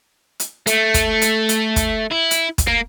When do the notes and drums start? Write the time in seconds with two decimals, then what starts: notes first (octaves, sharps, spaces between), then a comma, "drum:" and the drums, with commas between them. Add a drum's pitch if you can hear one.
0.40 drum: hi-hat
0.67 A3, drum: hi-hat
0.94 drum: kick, hi-hat
1.22 drum: hi-hat
1.49 drum: hi-hat
1.76 drum: kick, hi-hat
2.11 E4
2.31 drum: hi-hat
2.58 drum: kick, hi-hat
2.68 A#3